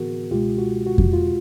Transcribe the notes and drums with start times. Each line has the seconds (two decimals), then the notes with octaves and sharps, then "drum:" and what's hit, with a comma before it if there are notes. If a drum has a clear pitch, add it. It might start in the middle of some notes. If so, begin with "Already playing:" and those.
Already playing: A2 E3 B3 F#4 G#4 A#4
0.31 C#2 B2 G#3 F4 G4
0.58 F#4
0.86 F#4
0.98 drum: kick F2
1.13 F4